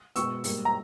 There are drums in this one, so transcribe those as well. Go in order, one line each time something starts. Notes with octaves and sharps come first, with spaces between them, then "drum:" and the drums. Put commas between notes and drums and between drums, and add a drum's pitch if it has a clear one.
B2 G#3 B3 C#6 E6, drum: hi-hat
G#2 G3 A#3, drum: open hi-hat
A#5